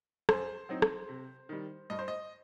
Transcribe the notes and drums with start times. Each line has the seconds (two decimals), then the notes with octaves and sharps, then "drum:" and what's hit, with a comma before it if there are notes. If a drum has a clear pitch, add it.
0.29 F#2 C5, drum: rim click
0.69 F#3 C4 D#4
0.82 drum: rim click
1.09 C3
1.49 D#3 G3
1.90 G2 D#5
1.99 C5
2.08 D#5